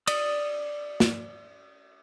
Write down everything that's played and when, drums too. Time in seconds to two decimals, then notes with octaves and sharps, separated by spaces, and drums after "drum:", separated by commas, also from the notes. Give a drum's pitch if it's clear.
0.07 D5 D#6, drum: cymbal
1.00 drum: snare